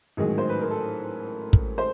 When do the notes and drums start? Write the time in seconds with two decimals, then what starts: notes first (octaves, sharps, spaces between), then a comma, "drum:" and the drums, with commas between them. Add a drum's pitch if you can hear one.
0.17 A1 G#2 D#3 F#3 G#4
0.38 C5
0.49 B4
0.61 A#4
0.70 A4
1.53 drum: kick
1.78 C5